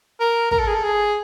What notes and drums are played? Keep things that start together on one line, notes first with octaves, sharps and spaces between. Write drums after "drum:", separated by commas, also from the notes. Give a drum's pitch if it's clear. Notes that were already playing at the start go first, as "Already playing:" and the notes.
A#4
A#4, drum: kick
A4
G#4
A4
G#4